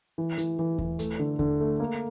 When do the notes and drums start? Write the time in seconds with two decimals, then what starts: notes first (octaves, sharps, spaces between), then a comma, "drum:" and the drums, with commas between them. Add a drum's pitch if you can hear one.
0.18 E3
0.38 E3, drum: hi-hat
0.59 E3
0.78 E3, drum: kick D#2
0.99 A3, drum: hi-hat
1.19 D3
1.39 D3, drum: kick D#2
1.60 A3
1.80 A#3